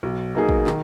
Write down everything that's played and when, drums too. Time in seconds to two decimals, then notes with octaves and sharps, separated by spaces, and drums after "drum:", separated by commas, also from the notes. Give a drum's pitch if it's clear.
0.03 B1
0.35 B2 A#3 D#4 G#4
0.49 drum: kick
0.67 D#3, drum: clap